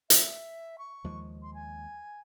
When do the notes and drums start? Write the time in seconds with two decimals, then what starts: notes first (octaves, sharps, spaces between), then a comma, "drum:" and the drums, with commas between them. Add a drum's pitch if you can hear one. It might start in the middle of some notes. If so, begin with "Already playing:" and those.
0.10 E5, drum: hi-hat
0.78 C#6
1.04 D#2 F3 G#3
1.42 C6
1.54 G#5